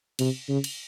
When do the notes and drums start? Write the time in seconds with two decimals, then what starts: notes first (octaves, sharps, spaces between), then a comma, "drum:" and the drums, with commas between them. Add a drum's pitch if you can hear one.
0.19 C3, drum: cymbal
0.49 C#3
0.64 drum: cymbal